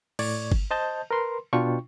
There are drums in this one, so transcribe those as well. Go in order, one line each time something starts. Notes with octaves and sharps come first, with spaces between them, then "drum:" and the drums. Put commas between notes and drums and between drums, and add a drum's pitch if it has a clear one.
A2 D5 C#6 G#6, drum: cymbal
drum: kick G1
C5 D#5 A5 G6
A#4 B4 C6
B2 D4 F4 G5 C#6